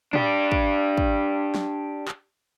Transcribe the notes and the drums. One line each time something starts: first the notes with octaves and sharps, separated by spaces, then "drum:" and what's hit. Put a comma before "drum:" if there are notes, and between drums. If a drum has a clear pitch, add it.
D4 G4, drum: tom
drum: kick
drum: kick
drum: snare
drum: clap